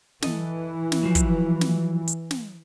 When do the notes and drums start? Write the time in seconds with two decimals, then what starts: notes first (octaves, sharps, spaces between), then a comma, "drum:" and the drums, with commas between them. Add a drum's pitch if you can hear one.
0.22 E3 A4 D#5, drum: snare
0.92 drum: snare
1.03 F3 F#3
1.15 drum: kick, hi-hat
1.61 drum: snare
2.07 drum: hi-hat
2.31 drum: snare